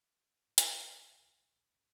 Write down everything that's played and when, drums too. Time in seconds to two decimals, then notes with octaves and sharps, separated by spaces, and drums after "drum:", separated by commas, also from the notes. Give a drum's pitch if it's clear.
0.47 G#2
0.58 drum: hi-hat
0.75 D#3
0.90 C3
1.07 D#1 C2 D3
1.39 D1 A#1
1.73 G1 G2 D#3 C#4